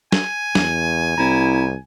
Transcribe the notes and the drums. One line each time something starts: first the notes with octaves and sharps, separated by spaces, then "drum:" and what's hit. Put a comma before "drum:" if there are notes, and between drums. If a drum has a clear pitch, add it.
G#5, drum: snare
E2, drum: snare
C2 C4 E4 A#5